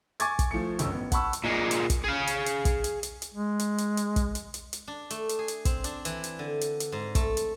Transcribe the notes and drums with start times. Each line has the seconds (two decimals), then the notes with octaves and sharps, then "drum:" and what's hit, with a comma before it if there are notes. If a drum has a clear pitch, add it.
0.20 G#5 C#6 D6 G#6 A6, drum: hi-hat
0.39 drum: kick, hi-hat
0.51 F3 A3 C#7
0.79 G1 C#2 C#4 E6, drum: hi-hat
0.92 A1 B3
1.12 F#5 A5 B5 C#6 E6, drum: kick, hi-hat
1.33 drum: hi-hat
1.44 A#2 G#3
1.71 drum: hi-hat
1.90 drum: kick, hi-hat
2.04 G#4 F5
2.27 drum: hi-hat
2.46 drum: hi-hat
2.65 drum: kick, hi-hat
2.84 drum: hi-hat
3.03 drum: hi-hat
3.22 drum: hi-hat
3.34 G#3
3.59 drum: hi-hat
3.78 drum: hi-hat
3.97 drum: hi-hat
4.16 drum: kick, hi-hat
4.35 drum: hi-hat
4.54 drum: hi-hat
4.73 drum: hi-hat
4.88 D4
5.10 A3, drum: hi-hat
5.29 drum: hi-hat
5.39 G#4
5.48 drum: hi-hat
5.65 C4, drum: kick, hi-hat
5.84 D4, drum: hi-hat
6.05 E3, drum: hi-hat
6.24 drum: hi-hat
6.39 D3
6.61 drum: hi-hat
6.80 drum: hi-hat
6.92 G#2
7.15 A3, drum: kick, hi-hat
7.37 drum: hi-hat